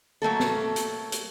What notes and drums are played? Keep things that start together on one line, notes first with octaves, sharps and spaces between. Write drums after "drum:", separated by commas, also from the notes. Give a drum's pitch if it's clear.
F#3 A3 A#3 A4
drum: snare
drum: hi-hat
drum: hi-hat